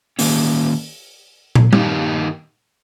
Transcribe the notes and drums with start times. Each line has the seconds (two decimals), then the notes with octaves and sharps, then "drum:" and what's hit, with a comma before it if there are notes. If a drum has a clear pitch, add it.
0.19 D#3 A#3 C#4, drum: open hi-hat
1.55 drum: tom
1.73 G2 D#3 A#3 D#4 G4, drum: tom G3